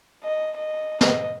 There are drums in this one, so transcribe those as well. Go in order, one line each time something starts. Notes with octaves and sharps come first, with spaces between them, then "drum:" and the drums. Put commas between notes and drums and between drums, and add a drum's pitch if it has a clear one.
D#5
D#5
D#5, drum: snare